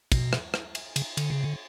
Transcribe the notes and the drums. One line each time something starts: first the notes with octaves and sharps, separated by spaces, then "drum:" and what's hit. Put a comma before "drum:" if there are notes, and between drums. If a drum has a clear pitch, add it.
B2, drum: kick, cymbal
drum: rim click
drum: rim click
drum: cymbal
C#3, drum: cymbal
D3, drum: cymbal
C#3
D3